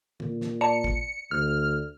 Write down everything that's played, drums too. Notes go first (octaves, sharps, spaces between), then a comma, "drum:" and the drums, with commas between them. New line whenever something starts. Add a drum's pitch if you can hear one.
A#2, drum: tom
drum: snare
D5 A5 A#5 C#7
drum: kick
D2 F6